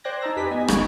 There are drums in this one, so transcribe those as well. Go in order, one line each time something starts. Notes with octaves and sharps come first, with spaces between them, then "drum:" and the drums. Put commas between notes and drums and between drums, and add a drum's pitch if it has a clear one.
C5 D5 G5 F#6 G#6 A#6
D#4 A5 A#5 E6 A#6
F2 G4 B4 G#5 B6
B3 D#5 G#5
G1 D#2 C#6 G#6 D7, drum: rim click